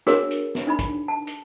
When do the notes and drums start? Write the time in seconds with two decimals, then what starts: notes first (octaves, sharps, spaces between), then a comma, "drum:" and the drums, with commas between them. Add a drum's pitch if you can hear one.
0.07 D4 F#4 G#4 A#4 C#5, drum: snare
0.31 drum: hi-hat
0.55 drum: snare
0.67 D4 D#4 B5
0.79 drum: kick, hi-hat
1.08 A5
1.27 drum: hi-hat